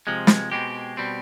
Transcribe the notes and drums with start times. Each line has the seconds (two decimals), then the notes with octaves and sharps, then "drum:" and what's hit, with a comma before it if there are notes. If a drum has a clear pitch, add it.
0.07 C3 F3 G#3
0.27 drum: snare
0.52 B2 G#3 C4 G4
0.97 B2 G3 C4